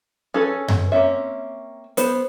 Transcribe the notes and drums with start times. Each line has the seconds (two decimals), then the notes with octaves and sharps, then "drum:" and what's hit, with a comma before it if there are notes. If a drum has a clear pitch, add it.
0.34 C#4 G#4 A4 B4
0.68 drum: tom F#2
0.92 A#3 C4 C#4 E5
1.97 B3 C5, drum: hi-hat